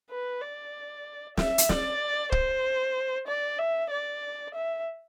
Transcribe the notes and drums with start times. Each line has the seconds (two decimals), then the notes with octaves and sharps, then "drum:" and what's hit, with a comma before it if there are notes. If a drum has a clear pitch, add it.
0.11 B4
0.42 D5
1.37 E5, drum: snare
1.58 drum: hi-hat
1.69 D5, drum: snare
2.32 C5, drum: kick
3.27 D5
3.59 E5
3.91 D5
4.54 E5